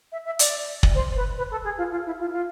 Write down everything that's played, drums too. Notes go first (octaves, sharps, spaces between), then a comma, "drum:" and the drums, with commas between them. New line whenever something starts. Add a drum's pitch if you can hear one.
E5
E5
D5, drum: hi-hat
drum: kick
C5
B4
B4
A4
G#4
F4
F4
E4
F4
F4